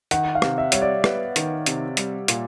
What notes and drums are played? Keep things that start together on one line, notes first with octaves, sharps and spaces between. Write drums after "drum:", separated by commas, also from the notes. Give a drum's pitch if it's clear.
D#3 F#5, drum: hi-hat
F5
C3, drum: rim click
E5
G3 C#5, drum: hi-hat
D5
B3, drum: rim click
D#3, drum: hi-hat
C3, drum: hi-hat
G3, drum: hi-hat
A#2, drum: hi-hat